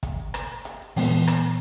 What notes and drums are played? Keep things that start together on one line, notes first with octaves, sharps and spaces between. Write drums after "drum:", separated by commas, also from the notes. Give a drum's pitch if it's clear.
drum: kick, hi-hat
drum: rim click
drum: hi-hat
A#2 E3 G#3 B3, drum: open hi-hat
drum: rim click